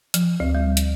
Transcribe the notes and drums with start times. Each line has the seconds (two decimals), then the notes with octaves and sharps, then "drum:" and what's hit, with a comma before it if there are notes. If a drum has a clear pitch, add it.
0.14 F3, drum: hi-hat
0.40 D2
0.55 G3
0.77 drum: hi-hat